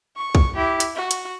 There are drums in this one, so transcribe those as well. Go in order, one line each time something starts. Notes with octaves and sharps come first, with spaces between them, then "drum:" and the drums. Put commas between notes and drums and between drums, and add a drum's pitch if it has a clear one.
C#6
drum: kick
E4 G4
drum: hi-hat
F#4
drum: hi-hat